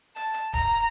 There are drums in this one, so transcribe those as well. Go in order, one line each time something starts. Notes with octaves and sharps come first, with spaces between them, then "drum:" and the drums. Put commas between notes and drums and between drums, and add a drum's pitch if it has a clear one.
A5, drum: hi-hat
drum: hi-hat
A#5, drum: kick D1, hi-hat